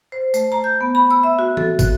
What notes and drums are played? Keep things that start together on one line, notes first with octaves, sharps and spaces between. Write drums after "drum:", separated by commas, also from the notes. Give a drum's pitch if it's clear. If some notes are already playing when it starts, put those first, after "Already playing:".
C5
A3, drum: tambourine
A#5
G6
B3
B5
E6
E5
F#4
A4, drum: tom E3
F#6, drum: kick, tambourine